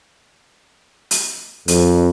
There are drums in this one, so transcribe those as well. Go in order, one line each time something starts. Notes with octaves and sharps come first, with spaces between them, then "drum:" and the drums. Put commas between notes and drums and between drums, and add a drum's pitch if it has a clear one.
drum: hi-hat
F2, drum: hi-hat